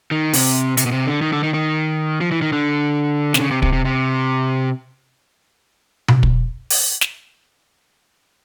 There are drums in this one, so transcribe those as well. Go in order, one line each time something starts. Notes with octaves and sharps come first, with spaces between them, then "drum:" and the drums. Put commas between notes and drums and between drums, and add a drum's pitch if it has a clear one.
D#3
C3, drum: open hi-hat
C3, drum: hi-hat
B2
C3
D3
D#3
D3
D#3
D#3
F3
E3
D#3
D3
C3, drum: snare
C#3
C3
C3, drum: kick
C3
C3
drum: tom B2
drum: kick
drum: open hi-hat
drum: snare